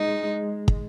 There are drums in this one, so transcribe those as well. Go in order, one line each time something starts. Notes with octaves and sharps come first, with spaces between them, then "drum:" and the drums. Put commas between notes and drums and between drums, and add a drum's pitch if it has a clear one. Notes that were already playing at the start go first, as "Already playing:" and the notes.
Already playing: G#3 D#4
drum: kick